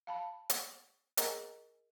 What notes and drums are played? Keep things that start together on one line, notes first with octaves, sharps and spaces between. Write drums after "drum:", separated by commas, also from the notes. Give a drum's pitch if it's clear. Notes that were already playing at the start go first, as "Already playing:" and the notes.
F5 A5 B5
drum: hi-hat
G#4 A#4 D#5 G#5 A#5, drum: hi-hat